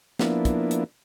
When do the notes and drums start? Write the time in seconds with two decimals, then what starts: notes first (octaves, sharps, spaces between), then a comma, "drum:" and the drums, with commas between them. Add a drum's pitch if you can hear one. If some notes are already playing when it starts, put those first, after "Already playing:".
0.19 F3 A#3 B3 D4 E4, drum: snare
0.45 drum: kick, hi-hat
0.71 drum: hi-hat